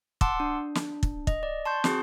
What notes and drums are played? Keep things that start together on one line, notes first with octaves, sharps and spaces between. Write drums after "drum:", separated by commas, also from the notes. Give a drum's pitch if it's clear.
F#5 A5 C6 D6 E6, drum: kick
D4
drum: snare
drum: kick
D#5, drum: kick
D5
A5 C6 C#6 G6
C4 F#4 G#4, drum: snare